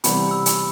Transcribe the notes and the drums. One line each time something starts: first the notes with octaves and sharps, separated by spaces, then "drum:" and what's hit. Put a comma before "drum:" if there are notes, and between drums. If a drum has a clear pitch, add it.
C3 E3 G3 B3 B5, drum: hi-hat
E6
drum: hi-hat